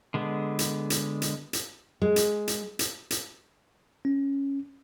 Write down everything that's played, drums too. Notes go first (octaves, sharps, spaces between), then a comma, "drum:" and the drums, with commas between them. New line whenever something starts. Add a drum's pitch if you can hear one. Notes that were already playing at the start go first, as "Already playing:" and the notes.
D3 G#3 B3
drum: hi-hat
drum: hi-hat
drum: hi-hat
drum: hi-hat
G#3
drum: hi-hat
drum: hi-hat
drum: hi-hat
drum: hi-hat
C#4